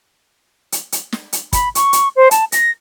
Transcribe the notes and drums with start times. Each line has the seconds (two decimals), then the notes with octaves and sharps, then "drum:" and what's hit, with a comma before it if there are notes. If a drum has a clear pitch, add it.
0.72 drum: hi-hat
0.92 drum: hi-hat
1.12 drum: snare
1.33 drum: hi-hat
1.53 B5, drum: kick, hi-hat
1.75 C#6, drum: hi-hat
1.93 drum: hi-hat
2.16 C5
2.31 A5, drum: hi-hat
2.52 A#6, drum: hi-hat